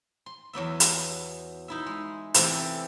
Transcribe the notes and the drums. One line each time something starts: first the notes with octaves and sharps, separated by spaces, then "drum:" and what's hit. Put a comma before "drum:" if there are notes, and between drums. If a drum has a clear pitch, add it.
C6
E2 F#3 B3 E5
drum: hi-hat
D#4 E4 E5
G#3
C3 E3 A3 G4 A4, drum: hi-hat